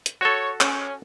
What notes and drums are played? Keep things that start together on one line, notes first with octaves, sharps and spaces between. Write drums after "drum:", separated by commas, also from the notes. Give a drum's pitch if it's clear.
drum: hi-hat
F#4 A4 C#5
C#4, drum: clap